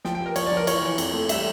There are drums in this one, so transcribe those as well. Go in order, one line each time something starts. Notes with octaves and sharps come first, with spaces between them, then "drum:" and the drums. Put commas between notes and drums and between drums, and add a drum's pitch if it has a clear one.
F3 G5, drum: snare
G5
G4
A#4
F3 C#5, drum: cymbal
D5
F3
A#4
E4 C#5, drum: cymbal
E3
F2, drum: cymbal
A3
G3 E5, drum: cymbal